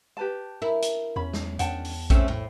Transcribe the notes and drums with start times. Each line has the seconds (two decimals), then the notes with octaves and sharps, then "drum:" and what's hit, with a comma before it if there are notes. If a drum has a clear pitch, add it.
0.17 G4 B4 A5
0.62 E4 A#4
0.82 drum: hi-hat
1.16 E2 C#4 B5
1.33 drum: snare
1.59 E2 D#3 C#4 D4 F#5 G5 A5, drum: hi-hat
1.85 drum: open hi-hat
2.10 F3 A3 C4 C#4, drum: kick A#1, hi-hat
2.28 A2